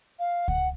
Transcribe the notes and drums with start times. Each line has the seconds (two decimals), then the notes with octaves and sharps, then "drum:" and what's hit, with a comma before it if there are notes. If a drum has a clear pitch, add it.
0.19 F5
0.48 F#5, drum: kick C#2